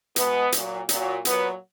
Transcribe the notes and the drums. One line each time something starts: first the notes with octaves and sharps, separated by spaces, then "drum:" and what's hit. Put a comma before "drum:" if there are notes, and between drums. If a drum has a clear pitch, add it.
B2 G#3 B3, drum: hi-hat
A#2 F#3, drum: hi-hat
A#2 F#3, drum: hi-hat
A#2 F#3 B3, drum: hi-hat